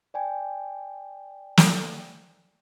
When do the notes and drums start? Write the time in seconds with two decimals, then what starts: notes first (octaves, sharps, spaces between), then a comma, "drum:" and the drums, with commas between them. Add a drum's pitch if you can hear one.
0.14 D5 G5 G#5
1.57 drum: snare